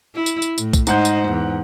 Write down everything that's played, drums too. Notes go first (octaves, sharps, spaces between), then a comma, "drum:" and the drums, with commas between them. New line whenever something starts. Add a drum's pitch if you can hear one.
E4
drum: tambourine
drum: tambourine
A2, drum: tambourine
drum: kick, tambourine
G#2 D#4 C5 F#5 G6, drum: tambourine
drum: tambourine
E2